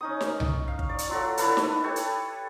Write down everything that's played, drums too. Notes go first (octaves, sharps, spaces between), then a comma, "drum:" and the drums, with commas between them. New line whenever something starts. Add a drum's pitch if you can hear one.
C#4 D#4 D#6
drum: snare D#4
drum: tom C2
F5
drum: kick
D5
drum: hi-hat
F#3 F4 F#4 A4
D4 E4 A4 B4, drum: hi-hat
drum: snare D#4
G4 A4 B4 C#5
drum: hi-hat